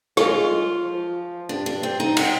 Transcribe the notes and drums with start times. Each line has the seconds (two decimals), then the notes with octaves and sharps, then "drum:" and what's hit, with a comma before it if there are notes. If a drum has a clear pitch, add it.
0.17 G#3 F4, drum: rim click
0.84 F3
1.49 G2 D4
1.66 D4
1.83 C4
2.00 D#4
2.17 C4, drum: cymbal